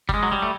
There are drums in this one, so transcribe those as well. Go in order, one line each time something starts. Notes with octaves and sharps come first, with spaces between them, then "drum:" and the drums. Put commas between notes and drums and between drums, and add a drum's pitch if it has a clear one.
G3, drum: kick G1
G#3
F#3
G3
A3